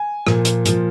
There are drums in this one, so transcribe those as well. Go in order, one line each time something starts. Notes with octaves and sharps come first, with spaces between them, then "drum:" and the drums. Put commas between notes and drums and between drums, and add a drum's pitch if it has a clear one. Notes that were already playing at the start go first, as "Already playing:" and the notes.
Already playing: G#5
A#2 F3, drum: rim click
drum: hi-hat
A#2 F3, drum: hi-hat